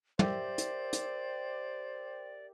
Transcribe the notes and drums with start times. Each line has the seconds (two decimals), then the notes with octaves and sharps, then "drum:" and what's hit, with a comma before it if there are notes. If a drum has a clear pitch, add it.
0.19 G4 A#4 C5 D5 E5, drum: tom
0.58 drum: hi-hat
0.93 drum: hi-hat